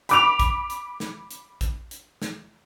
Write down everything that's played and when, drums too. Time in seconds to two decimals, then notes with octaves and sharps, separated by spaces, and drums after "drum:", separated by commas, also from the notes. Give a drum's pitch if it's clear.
0.09 B5 D6 F7, drum: hi-hat
0.40 drum: kick A#1, hi-hat
0.70 drum: hi-hat
1.00 drum: snare
1.31 drum: hi-hat
1.61 drum: kick A#1, hi-hat
1.91 drum: hi-hat
2.22 drum: snare